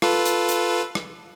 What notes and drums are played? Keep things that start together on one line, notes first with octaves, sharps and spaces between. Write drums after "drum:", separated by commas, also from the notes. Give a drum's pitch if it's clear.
F4 A4 B4, drum: rim click
drum: hi-hat
drum: hi-hat
drum: rim click